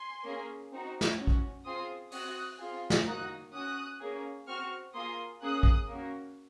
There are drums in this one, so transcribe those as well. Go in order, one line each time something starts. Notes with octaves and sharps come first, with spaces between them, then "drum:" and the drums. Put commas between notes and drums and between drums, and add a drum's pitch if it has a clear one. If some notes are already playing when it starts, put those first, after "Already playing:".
Already playing: G#5 C6
A#3 C#4 G#4
C4 D#4 F#4
drum: snare
C#4 F#4
drum: kick
C4 F4 G#4 C6 D#6
C4 F#4 D#6 F#6, drum: open hi-hat
C4 F4 G#4
drum: snare
A#3 D#4 F#4 D#6 F#6
C#4 F#4 D#6 F#6
A#3 C#4 G#4
C4 F#4 C#6 F6
A#3 F4 G#4 C6 D#6
A#3 C#4 G#4 D#6 F#6
drum: kick
A#3 C#4 F#4